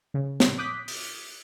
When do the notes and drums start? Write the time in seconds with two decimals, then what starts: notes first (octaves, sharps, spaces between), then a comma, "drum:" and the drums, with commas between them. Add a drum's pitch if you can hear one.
0.14 C#3
0.40 drum: snare
0.58 D6 D#6 F#6 G6 B6
0.88 drum: open hi-hat